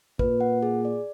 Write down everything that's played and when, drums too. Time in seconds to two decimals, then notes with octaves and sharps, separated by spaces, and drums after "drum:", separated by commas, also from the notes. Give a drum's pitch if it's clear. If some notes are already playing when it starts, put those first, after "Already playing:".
0.19 A#2 B4, drum: kick
0.41 F#5
0.63 G#4
0.85 D5